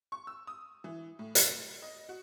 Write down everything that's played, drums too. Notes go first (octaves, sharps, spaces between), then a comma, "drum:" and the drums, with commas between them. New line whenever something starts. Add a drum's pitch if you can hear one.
C#6
E6
D#6
E3
A2
E7, drum: hi-hat
D#5
F#4